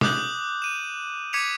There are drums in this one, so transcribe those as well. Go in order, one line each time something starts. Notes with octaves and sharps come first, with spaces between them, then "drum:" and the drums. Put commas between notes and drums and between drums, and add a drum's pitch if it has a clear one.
D6 D#6 F#6 G6 F#7, drum: snare
D#7 E7
D6 G#6 B6 C#7 D#7 F7